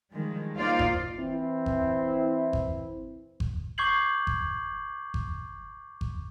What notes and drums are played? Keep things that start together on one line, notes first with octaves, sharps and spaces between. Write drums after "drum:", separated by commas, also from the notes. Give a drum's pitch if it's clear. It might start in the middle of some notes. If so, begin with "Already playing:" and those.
D#3 F3 G3 G#3
A#3 D#4 F4 C5 D5 F5
drum: kick G1
E3 C4 E4
drum: kick G1
drum: kick G1
drum: kick G1
C#6 D6 G6 G#6 C7 F#7
drum: kick G1
drum: kick G1
drum: kick G1